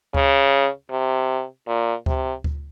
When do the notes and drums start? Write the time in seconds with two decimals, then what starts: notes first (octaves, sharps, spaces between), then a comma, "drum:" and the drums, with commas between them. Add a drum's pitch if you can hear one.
0.14 C#3, drum: kick D2
0.91 C3
1.67 A#2
2.06 C3, drum: kick D2
2.44 drum: kick D2